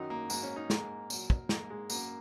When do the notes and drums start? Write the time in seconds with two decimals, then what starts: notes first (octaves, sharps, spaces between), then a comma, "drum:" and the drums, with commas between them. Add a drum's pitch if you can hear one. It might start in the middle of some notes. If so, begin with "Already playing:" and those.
Already playing: F#2 D#3 F#3 D#4
0.10 A#3
0.30 G#2 F#3 A#3, drum: tambourine
0.43 C#4
0.56 D#4
0.70 G#2 G#3 A#3, drum: snare
1.10 A#2 F#3, drum: tambourine
1.30 drum: kick
1.49 G#2 G#3 A#3, drum: snare
1.70 G#3
1.90 F#2 F#3 A#3, drum: tambourine